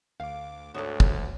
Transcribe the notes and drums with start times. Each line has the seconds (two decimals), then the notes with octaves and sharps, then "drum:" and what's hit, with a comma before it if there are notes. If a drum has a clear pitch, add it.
0.20 D2 F5 D6
0.74 D2 G#2 D3 F#4 A4 C#5 D#6
1.00 drum: kick